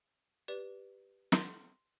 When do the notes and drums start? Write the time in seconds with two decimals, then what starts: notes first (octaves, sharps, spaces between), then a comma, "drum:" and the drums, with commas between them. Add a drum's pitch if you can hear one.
0.48 G4 B4 D5
1.32 C6, drum: snare